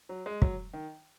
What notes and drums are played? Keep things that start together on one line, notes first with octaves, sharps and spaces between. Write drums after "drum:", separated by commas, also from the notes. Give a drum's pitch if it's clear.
F#3
G#3
F#3, drum: kick
D#3